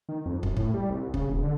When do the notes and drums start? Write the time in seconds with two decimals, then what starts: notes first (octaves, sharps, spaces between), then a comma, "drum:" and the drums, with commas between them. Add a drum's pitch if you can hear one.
0.09 D#3
0.26 F2
0.43 F#2, drum: kick
0.57 A2, drum: kick
0.74 G3
0.90 C2
1.14 C#3, drum: kick
1.30 E1
1.43 D3